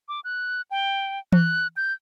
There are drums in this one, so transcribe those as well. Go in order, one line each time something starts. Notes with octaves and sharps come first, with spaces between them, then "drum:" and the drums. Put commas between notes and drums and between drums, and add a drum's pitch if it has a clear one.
D6
F#6
G5
F#6, drum: tom E3
G6